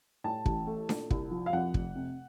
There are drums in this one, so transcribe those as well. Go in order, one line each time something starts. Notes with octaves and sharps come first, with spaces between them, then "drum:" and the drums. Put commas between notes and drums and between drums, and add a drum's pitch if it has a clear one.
A2 A5
A1, drum: kick
A3
A#2, drum: snare D4
C2, drum: kick
F3
F5
F2 F#5
F1, drum: kick
C3